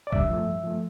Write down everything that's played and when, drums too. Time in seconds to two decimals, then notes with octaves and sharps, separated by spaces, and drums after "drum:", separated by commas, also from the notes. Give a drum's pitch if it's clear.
0.07 D5
0.12 G2 E5, drum: kick
0.30 F3 A3
0.47 G2
0.63 F3 A3